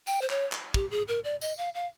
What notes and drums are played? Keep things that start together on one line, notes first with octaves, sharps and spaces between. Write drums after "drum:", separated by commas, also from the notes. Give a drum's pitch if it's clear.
G5, drum: tambourine
C5
C#5, drum: clap
drum: clap
G4, drum: kick
G#4
A#4
D5
D#5, drum: tambourine
F5
F5